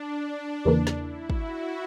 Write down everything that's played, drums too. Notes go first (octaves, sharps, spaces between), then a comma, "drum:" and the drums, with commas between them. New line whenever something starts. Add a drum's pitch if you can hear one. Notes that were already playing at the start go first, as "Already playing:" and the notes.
Already playing: D4
E2 C#3 E3 A#3 D4
drum: snare
E4
F#4, drum: kick